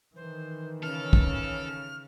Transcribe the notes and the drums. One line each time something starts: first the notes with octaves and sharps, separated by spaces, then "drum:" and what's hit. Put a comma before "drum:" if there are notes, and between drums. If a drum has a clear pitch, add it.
D#3 E3 C5
C#3 A4 F6
drum: kick